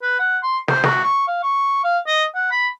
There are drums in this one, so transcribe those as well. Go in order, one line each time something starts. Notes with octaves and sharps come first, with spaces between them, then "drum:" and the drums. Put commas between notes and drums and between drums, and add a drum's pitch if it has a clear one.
B4
F#5
C6
C5, drum: snare
F#4, drum: snare
C#6
F5
C#6
F5
D#5
F#5
B5